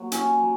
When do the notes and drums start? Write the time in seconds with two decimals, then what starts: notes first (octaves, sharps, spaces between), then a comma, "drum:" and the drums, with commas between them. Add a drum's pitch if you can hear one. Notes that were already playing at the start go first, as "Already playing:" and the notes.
Already playing: F#3 A#3
0.12 C#4, drum: hi-hat
0.40 F#3